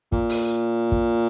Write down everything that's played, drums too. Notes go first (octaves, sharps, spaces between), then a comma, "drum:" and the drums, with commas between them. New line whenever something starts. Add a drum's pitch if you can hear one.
A#2, drum: kick
drum: open hi-hat
drum: kick